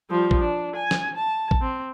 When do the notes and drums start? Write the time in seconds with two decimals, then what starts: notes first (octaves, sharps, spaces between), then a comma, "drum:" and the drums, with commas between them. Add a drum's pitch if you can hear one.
0.11 F3 G3
0.31 drum: kick A1
0.40 D4
0.76 G#5
0.91 drum: snare
1.17 A5
1.51 drum: kick A1
1.61 C4